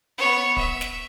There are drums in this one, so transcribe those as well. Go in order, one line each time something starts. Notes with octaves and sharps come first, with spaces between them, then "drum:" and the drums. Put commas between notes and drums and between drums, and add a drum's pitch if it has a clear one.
B3 C#5
E5, drum: kick
drum: snare